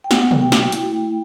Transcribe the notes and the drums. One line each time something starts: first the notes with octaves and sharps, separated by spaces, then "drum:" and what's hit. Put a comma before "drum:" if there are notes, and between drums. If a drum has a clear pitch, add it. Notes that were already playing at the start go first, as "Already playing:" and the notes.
G5
B3 F#5, drum: snare
F#3, drum: tom
G5
F#4, drum: snare
E4 G5, drum: hi-hat
A3